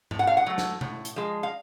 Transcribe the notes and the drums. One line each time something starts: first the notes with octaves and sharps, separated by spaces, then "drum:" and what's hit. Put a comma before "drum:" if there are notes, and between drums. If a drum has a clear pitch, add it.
A2, drum: tom G#2
F#5
F5
F#5
F#3 A3
drum: snare
A2, drum: tom C3
drum: hi-hat
F3 G#3
F5